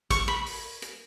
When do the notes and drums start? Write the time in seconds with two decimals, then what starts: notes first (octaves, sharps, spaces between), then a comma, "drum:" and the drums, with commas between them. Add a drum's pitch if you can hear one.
0.10 C#6, drum: kick, hi-hat
0.28 B5
0.46 drum: open hi-hat
0.82 drum: hi-hat